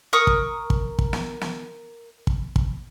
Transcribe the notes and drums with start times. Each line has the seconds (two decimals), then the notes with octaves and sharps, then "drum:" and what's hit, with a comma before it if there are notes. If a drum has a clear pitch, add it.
0.13 A#4 C#6 D#6
0.27 drum: kick
0.70 drum: kick
0.99 drum: kick
1.13 drum: snare
1.41 drum: snare
2.27 drum: kick
2.56 drum: kick